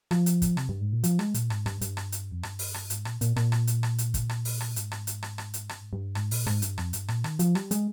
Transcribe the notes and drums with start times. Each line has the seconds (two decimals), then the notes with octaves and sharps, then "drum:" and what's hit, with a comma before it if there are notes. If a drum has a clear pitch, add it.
0.11 F3, drum: rim click
0.26 drum: hi-hat
0.42 drum: kick, hi-hat
0.57 C3, drum: rim click
0.69 G2
0.81 G#2
0.92 A#2
1.04 F3, drum: hi-hat
1.19 G#3, drum: rim click
1.34 A#2, drum: hi-hat
1.50 G#2, drum: rim click
1.66 G2, drum: rim click
1.81 G2, drum: hi-hat
1.97 drum: rim click
2.12 drum: hi-hat
2.31 F2
2.43 G2, drum: rim click
2.59 drum: open hi-hat
2.74 drum: rim click
2.90 G#2, drum: hi-hat
3.05 A#2, drum: rim click
3.21 A#2, drum: hi-hat
3.36 A#2, drum: rim click
3.52 drum: rim click
3.67 drum: hi-hat
3.83 drum: rim click
3.98 drum: hi-hat
4.14 drum: kick, hi-hat
4.29 drum: rim click
4.45 drum: open hi-hat
4.60 drum: rim click
4.76 G#2, drum: hi-hat
4.92 drum: rim click
5.07 drum: hi-hat
5.23 drum: rim click
5.38 drum: rim click
5.54 drum: hi-hat
5.69 G2, drum: rim click
5.81 G#2
5.93 G2
6.15 G#2, drum: rim click
6.31 A#2, drum: open hi-hat
6.47 G#2, drum: rim click
6.62 G2, drum: hi-hat
6.78 F2, drum: rim click
6.93 G2, drum: hi-hat
7.08 A#2, drum: rim click
7.24 D#3, drum: rim click
7.39 F3, drum: hi-hat
7.55 G3, drum: rim click
7.71 G#3, drum: hi-hat